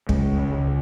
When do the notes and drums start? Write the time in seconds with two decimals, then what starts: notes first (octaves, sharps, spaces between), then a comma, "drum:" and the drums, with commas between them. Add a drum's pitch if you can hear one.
0.09 C#2 C#3 G#3, drum: kick
0.54 C#2 C#3